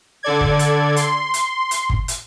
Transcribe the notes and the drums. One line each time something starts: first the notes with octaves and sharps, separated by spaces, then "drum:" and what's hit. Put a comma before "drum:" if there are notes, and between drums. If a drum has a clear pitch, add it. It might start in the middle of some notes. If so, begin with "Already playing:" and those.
D3 A4 D5 G#6
drum: kick G1
drum: hi-hat
C6, drum: hi-hat
drum: hi-hat
drum: hi-hat
drum: kick G1
drum: hi-hat